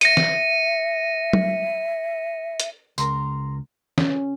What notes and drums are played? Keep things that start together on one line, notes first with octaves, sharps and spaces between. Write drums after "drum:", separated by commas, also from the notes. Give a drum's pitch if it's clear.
E5 A#6 C#7 D#7, drum: hi-hat
drum: snare
drum: tom F#3
drum: hi-hat
C#2 A#4 A#5 C6, drum: tambourine
C#4, drum: snare